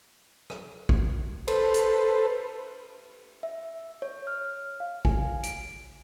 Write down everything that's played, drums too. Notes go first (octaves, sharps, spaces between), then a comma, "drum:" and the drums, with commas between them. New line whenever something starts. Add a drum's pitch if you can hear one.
drum: rim click
drum: kick
A4 B4 C5, drum: cymbal
drum: hi-hat
E5
C#5
F6
F5
G#5, drum: kick
D7, drum: hi-hat